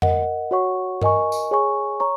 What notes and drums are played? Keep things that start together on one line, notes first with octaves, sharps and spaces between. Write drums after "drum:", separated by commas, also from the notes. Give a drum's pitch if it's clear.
A#4 D#5 F#5, drum: tom F2
F#4 C#5 F#5 C#6
A#4 D#5 G#5 C#6, drum: tom G2
drum: tambourine
G#4 C#5 G#5 C#6
C#5 A#5 C#6